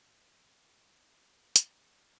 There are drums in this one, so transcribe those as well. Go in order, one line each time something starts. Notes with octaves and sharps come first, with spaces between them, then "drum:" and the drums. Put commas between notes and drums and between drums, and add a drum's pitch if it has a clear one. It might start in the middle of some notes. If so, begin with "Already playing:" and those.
B3
D#4 G4
F#2 D3 D#4
drum: hi-hat